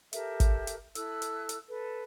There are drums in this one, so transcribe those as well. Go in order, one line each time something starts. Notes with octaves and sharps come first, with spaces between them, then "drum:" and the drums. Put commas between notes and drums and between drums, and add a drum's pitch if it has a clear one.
G4 A4 A#4 E5, drum: hi-hat
drum: kick, hi-hat
drum: hi-hat
E4 A4 E6 F#6, drum: hi-hat
drum: hi-hat
drum: hi-hat
A4 B4